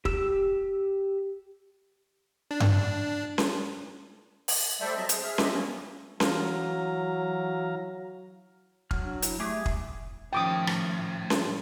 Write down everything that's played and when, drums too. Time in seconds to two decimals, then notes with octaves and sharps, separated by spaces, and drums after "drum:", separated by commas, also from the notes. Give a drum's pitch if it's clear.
0.05 G4 E6, drum: kick
2.51 D4
2.60 drum: tom G2
3.38 drum: snare C#4
4.48 drum: open hi-hat
4.81 G3 A3 A4 C5 D5 E5
4.96 F#3 C4 D#5 E5 A5
5.09 G#4 C5, drum: hi-hat
5.23 G#4 E5 F6
5.38 G4 D#5 E5, drum: snare C#4
5.53 F#3 A#3 B3 C#4
6.20 E3 F#3 F5 A#5, drum: snare C#4
8.91 F#3 F6, drum: kick
9.04 D4
9.22 E4, drum: hi-hat
9.40 G3 A3 G#4 D6
9.66 drum: kick
10.33 A2 D#3 F3 C#4 G5 D6 D#6
10.67 drum: rim click
11.30 drum: snare C#4